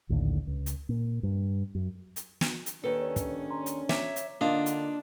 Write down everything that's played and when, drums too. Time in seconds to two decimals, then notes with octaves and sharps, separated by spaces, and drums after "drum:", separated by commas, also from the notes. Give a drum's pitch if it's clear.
0.09 A#1 D#2 A2 D3
0.47 C#2
0.66 drum: hi-hat
0.89 A#2
1.23 G2
1.75 F#2
2.16 drum: hi-hat
2.41 drum: snare
2.66 drum: hi-hat
2.84 D#2 C#4 D4 A4 B4
3.16 drum: kick, hi-hat
3.50 A#5 C6
3.66 drum: hi-hat
3.89 C#5 E5 A#5 D6, drum: snare
4.16 drum: hi-hat
4.41 D3 A#3 D4 D#4 F4
4.66 drum: hi-hat